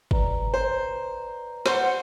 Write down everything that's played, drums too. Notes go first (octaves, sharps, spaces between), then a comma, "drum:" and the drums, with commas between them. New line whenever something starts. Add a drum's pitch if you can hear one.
B4 D5 A#5, drum: kick
C5
C5 F#5 C6, drum: snare